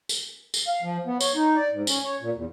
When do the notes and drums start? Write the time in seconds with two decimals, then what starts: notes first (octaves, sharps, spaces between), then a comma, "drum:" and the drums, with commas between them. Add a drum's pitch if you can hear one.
0.09 drum: tambourine
0.54 drum: tambourine
0.68 F5
0.82 F3
1.06 B3
1.20 C#5, drum: tambourine
1.35 D#4
1.56 D5
1.72 G#2
1.87 C#4, drum: tambourine
2.05 C#5
2.21 A#2
2.35 E2